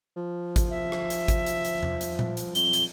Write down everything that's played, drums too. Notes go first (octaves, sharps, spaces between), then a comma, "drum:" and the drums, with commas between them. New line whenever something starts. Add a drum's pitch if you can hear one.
F3
drum: kick G#1, hi-hat
E5
drum: rim click
drum: hi-hat
drum: kick G#1, hi-hat
drum: hi-hat
drum: hi-hat
drum: tom E2
drum: hi-hat
drum: tom A#2
drum: hi-hat
F2 G7, drum: hi-hat
drum: hi-hat